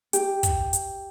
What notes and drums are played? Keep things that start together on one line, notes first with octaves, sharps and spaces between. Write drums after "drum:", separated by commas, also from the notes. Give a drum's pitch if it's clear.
G4, drum: hi-hat
drum: kick, hi-hat
drum: hi-hat